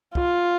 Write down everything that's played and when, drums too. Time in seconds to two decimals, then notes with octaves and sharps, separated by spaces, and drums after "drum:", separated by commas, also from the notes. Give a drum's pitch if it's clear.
0.15 F4, drum: kick